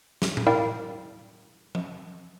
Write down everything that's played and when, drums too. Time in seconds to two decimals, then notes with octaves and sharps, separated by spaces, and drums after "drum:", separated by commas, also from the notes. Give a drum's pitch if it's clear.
0.22 drum: snare
0.37 drum: tom A2
0.47 E4 A#4 D5 F5 G5
1.75 drum: tom F3